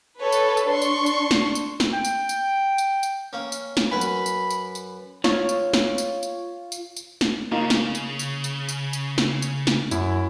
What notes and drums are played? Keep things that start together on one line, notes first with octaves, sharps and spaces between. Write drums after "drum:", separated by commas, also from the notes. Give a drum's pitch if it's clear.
A4 B4 C#5
drum: tambourine
drum: tambourine
D4 C6 C#6
drum: tambourine
drum: tambourine
drum: snare
drum: tambourine
drum: snare
G5
drum: tambourine
drum: tambourine
drum: tambourine
drum: tambourine
A#3 C#4
drum: tambourine
drum: snare
F#2 B4 G#5 B5
drum: tambourine
drum: tambourine
drum: tambourine
drum: tambourine
F4 C#5, drum: snare
drum: tambourine
drum: snare
drum: tambourine
drum: tambourine
drum: tambourine
drum: tambourine
drum: snare
C#3 A#3 D#4 F4
drum: snare
drum: tambourine
drum: tambourine
drum: tambourine
drum: tambourine
drum: tambourine
drum: snare
drum: tambourine
drum: snare
F#2 E4, drum: tambourine